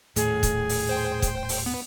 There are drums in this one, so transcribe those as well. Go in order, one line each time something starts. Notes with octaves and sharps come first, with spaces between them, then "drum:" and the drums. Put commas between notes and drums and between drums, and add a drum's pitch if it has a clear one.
D#1 A2 G#4, drum: hi-hat
drum: kick, hi-hat
drum: open hi-hat
C5 G5
drum: kick, hi-hat
drum: open hi-hat
B3